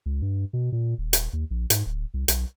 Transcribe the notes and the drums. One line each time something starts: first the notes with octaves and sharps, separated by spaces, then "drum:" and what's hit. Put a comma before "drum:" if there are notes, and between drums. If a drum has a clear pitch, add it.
C#2
G2
B2
A#2
D#1
drum: hi-hat
D#2
A#1
G#2, drum: hi-hat
D1
C2
B1, drum: hi-hat